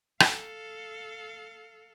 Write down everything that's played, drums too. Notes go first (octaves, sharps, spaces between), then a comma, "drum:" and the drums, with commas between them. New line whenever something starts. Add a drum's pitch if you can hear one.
A4 F5, drum: rim click